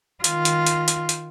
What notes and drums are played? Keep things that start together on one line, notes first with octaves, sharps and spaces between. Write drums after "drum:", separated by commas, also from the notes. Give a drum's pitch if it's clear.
D#3 F4, drum: hi-hat
drum: hi-hat
drum: hi-hat
drum: hi-hat
drum: hi-hat